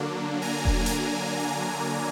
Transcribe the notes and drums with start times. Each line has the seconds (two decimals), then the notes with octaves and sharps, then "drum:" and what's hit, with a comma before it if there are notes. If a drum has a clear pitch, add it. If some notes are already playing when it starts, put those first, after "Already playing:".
Already playing: D3 F#3 A#3 D4
0.42 G#5 A#5
0.65 drum: kick E1
0.86 drum: hi-hat
1.39 G#5 A#5